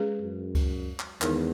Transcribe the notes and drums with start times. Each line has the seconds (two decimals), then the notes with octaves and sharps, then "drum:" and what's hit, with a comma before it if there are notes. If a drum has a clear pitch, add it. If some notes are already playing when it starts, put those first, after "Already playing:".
Already playing: G#3 C#4 G#4 B4
0.21 F#2
0.55 drum: kick C#2, cymbal
0.99 drum: clap
1.22 E2 D#3 G#3 D#4 A#4, drum: clap